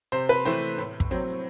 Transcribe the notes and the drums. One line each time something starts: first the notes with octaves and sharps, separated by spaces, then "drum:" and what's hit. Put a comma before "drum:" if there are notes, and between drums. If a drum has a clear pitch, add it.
C3 C5
B4
E3 A3 C4 C5
A2
drum: kick
F#3 C4